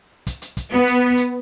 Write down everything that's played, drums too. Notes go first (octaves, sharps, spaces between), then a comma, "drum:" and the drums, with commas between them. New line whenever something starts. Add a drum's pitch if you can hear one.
drum: kick, hi-hat
drum: hi-hat
drum: kick, hi-hat
B3
drum: hi-hat
drum: hi-hat